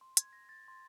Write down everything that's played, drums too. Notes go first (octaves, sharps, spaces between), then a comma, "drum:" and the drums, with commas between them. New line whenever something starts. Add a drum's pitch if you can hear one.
C6
G#6, drum: hi-hat
A#6
A6
C6